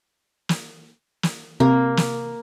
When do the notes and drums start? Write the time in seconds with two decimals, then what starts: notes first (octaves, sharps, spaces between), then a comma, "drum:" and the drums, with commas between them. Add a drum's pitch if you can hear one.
0.49 drum: snare
1.23 drum: snare
1.60 C3 A#3
1.97 drum: snare